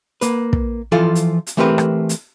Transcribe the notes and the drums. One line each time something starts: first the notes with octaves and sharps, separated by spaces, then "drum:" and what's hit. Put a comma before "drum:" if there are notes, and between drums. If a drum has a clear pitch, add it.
A#3 B4, drum: hi-hat
drum: kick
E3 F3 F4 A4
drum: hi-hat
drum: hi-hat
E3 A3 C4 G4 A#4 B4
drum: rim click
drum: hi-hat